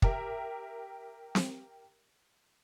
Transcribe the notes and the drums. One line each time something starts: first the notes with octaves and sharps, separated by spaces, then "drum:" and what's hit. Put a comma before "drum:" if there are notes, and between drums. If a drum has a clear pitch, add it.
G4 A#4 E5, drum: kick
drum: snare C4